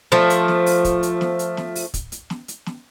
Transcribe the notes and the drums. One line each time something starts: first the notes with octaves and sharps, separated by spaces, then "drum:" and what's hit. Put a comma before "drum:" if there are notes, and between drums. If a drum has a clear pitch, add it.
F3 A3, drum: snare
drum: hi-hat
drum: snare
drum: open hi-hat
drum: kick, hi-hat
drum: hi-hat
drum: snare
drum: hi-hat
drum: snare
drum: open hi-hat
drum: kick, hi-hat
drum: hi-hat
drum: snare
drum: hi-hat
drum: snare